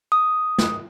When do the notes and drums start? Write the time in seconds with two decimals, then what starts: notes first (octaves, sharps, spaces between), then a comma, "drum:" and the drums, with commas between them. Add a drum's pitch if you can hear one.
0.12 D#6
0.58 drum: snare